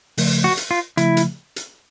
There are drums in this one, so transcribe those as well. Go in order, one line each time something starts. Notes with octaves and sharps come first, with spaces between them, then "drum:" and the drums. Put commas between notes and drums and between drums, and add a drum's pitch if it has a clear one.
C#3 F3 A3, drum: open hi-hat
F#4
drum: hi-hat
F4
C#3 F3 A3 E4, drum: hi-hat
drum: hi-hat
drum: hi-hat